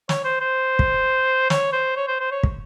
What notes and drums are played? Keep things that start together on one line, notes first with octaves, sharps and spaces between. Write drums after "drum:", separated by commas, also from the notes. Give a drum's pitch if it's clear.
C#5, drum: snare
C5
C5
drum: kick
C#5, drum: snare
C5
C#5
C5
C5
C#5
drum: kick